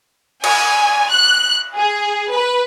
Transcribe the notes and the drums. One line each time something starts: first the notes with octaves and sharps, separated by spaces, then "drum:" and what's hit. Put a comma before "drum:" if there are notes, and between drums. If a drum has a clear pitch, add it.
G#5, drum: cymbal
F#6
G#4
B4